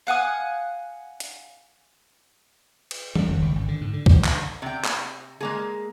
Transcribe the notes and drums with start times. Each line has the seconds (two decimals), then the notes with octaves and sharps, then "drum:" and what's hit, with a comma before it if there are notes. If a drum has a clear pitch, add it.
0.07 F5 F#5 G#5 D#6
1.20 drum: hi-hat
2.91 drum: cymbal
3.16 G3, drum: tom D#3
3.28 F1
3.42 C#2
3.55 G#1
3.68 D3
3.81 G#2
3.93 D3
4.06 E2, drum: kick C2
4.24 D3, drum: clap
4.62 C3 G5
4.85 drum: clap
5.41 G#3 A#3 G#4